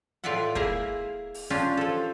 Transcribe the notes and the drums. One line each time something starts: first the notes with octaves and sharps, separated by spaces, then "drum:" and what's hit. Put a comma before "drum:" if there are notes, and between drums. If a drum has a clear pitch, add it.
A2 F4 B4 D5 E5 F#5
A#3 E4 G#4 A#4, drum: kick
drum: open hi-hat
C#4 D4 F4 G4
F3 A4